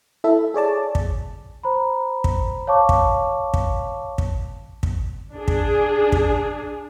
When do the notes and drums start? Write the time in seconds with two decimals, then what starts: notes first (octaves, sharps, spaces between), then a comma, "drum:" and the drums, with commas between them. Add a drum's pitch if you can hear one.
0.24 E4 A4 E5
0.54 G#4 C#5 D5 A5
0.95 drum: kick
1.63 C5 A#5 B5
2.24 drum: kick
2.67 C#5 F5 A5 C#6 D6
2.89 drum: kick
3.54 drum: kick
4.18 drum: kick
4.83 drum: kick
5.34 D4 G#4
5.48 drum: kick
6.12 drum: kick